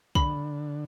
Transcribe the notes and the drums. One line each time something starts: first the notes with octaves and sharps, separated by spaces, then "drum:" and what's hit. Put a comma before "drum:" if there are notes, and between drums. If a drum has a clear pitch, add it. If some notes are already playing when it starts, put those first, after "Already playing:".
D3 B5, drum: kick